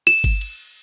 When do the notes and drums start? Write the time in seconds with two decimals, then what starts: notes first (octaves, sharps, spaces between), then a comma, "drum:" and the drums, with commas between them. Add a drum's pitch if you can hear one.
0.07 E7, drum: cymbal
0.24 drum: kick G1, cymbal
0.41 drum: cymbal